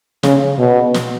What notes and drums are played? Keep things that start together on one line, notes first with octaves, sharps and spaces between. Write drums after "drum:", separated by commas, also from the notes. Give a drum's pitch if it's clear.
C#3, drum: snare
B2
drum: snare